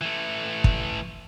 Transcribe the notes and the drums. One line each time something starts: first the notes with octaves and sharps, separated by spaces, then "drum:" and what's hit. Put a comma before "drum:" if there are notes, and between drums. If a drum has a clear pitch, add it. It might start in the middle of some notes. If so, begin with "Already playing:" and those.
E3 A3
drum: kick